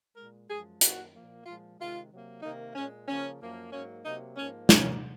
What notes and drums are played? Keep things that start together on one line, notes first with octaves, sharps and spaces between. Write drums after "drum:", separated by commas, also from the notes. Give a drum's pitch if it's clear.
A#2 G#3 A#4
F#2 F3 G#3 G#4
F#2 D#3 A#3 F#4, drum: hi-hat
A#2 F3 A#3
A#2 F3 G#3 F4
C3 D#3 G#3 F4
C3 F#3 A#3
C3 D#3 A#3 D#4
A#2 G#3 C#4
C#3 F3 A#3 C#4
F#2 F3 A#3
G#2 F#3 A#3 C#4
C3 F#3 A#3 D#4
G#2 F3 A#3 C#4
A#2 F#3 A#3 C#4, drum: snare